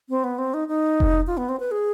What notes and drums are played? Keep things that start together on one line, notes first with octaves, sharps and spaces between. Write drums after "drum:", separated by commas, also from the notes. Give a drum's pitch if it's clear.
C4
B3
C4
D#4
D#4
drum: kick F1
F4
B3
C4
B4
G#4